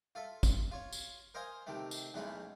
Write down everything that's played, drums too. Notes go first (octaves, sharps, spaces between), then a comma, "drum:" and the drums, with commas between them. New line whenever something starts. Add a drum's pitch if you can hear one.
F4 A4 E5
drum: kick, tambourine
F4 C#5
drum: tambourine
A#4 C5 D#5 F5 G#5 A#5
C3 D#3 A3
drum: tambourine
B1 E2 G#3 A3 C#4 B5